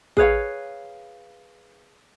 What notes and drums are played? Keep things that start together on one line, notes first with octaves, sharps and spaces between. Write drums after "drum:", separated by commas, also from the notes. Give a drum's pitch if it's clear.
G#4 B4 C#5 F5, drum: kick A1